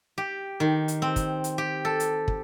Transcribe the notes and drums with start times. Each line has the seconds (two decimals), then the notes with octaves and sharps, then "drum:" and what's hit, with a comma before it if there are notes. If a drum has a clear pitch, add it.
0.18 G4
0.60 D#3
0.88 drum: hi-hat
1.02 C4
1.16 drum: kick, hi-hat
1.44 drum: hi-hat
1.58 G4
1.85 A4
2.00 drum: hi-hat
2.28 drum: kick